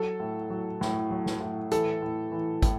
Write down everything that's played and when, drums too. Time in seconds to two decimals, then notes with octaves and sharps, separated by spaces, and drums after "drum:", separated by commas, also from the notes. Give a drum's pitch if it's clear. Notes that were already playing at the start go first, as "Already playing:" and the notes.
Already playing: F#3 A4
0.20 A2
0.50 F#3
0.81 A2, drum: snare
1.11 F#3
1.26 drum: snare
1.41 A2
1.71 E3 A4, drum: hi-hat
2.02 A2
2.32 E3
2.62 A2, drum: kick, hi-hat